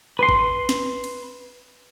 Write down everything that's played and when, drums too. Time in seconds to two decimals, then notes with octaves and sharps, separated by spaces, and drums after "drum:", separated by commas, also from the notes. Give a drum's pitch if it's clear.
0.19 B4 C6
0.29 drum: kick
0.69 drum: snare
1.04 drum: cymbal